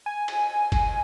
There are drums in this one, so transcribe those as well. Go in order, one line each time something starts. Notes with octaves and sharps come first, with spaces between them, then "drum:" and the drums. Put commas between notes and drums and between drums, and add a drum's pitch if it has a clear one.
G#5
drum: cymbal
drum: kick G1, cymbal